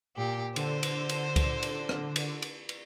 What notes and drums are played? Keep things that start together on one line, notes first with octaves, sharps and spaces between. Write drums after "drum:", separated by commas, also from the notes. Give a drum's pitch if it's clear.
A#2 G4
D3 C5, drum: cymbal
drum: cymbal
drum: cymbal
drum: kick C#2, cymbal
drum: cymbal
drum: rim click
drum: cymbal
drum: cymbal
drum: cymbal